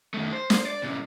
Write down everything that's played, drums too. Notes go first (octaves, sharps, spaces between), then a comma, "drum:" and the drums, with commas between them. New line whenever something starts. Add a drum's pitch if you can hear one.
D#3 A3
C5
drum: snare
D5
A#2 C#3